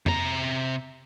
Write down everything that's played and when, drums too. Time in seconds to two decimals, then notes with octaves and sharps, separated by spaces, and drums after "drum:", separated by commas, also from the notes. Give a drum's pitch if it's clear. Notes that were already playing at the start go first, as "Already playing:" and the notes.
0.06 C3 A#5, drum: tom F2